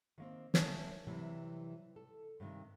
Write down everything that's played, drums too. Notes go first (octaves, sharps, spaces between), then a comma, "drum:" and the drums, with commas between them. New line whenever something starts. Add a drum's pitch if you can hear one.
D#3 A#3 C4
D2 A#4 C#5 E5 G#5 A5, drum: snare
C3 E3 F#3 G3
A4
G2 C3 D#3